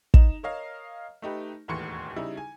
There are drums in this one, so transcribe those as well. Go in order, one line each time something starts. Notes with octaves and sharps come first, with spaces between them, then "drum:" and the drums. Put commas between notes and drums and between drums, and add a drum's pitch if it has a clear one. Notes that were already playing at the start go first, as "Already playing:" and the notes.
D#4 E7, drum: kick
A#4 C#5 D#5 F5
A3 D#4 G4 B4
E1 D#2 A2 E3 C6 C#7
C#3 G3 D#4 E4
G#5